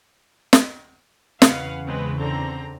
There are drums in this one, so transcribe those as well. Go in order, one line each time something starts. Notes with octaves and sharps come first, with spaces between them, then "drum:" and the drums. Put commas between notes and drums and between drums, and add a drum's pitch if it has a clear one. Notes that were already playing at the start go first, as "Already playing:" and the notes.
drum: snare
E2 C#3 B4 F5 F#5, drum: snare
G#3 C4 B4
D3 C4 A#5